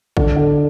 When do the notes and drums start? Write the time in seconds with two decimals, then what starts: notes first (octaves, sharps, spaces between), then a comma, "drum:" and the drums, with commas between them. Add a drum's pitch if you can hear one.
0.17 D3, drum: kick
0.36 D3